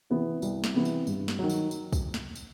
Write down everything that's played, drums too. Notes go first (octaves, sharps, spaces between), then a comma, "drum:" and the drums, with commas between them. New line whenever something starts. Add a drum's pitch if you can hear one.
C3 E3 B3
C2, drum: tambourine
drum: snare
C3 E3 B3
drum: tambourine
G2, drum: tambourine
drum: snare
D#3 F#3
drum: tambourine
drum: tambourine
drum: kick, tambourine
drum: snare
drum: tambourine